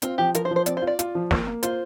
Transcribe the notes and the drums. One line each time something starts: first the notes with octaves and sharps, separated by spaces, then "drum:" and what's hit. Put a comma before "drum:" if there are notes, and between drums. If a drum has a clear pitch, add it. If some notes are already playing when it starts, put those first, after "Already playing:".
C4 F4, drum: hi-hat
F3 G4
F3 A#4, drum: hi-hat
C5
F3
C5
C4 D5, drum: hi-hat
C5
F4
D5
F4, drum: hi-hat
F3
A#3, drum: snare
A#3
F4 C5, drum: hi-hat